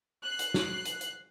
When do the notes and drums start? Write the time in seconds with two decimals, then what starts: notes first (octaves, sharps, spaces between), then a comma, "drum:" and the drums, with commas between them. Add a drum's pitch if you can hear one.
0.24 F#6 C7
0.39 drum: hi-hat
0.54 drum: snare
0.85 drum: hi-hat
1.01 drum: hi-hat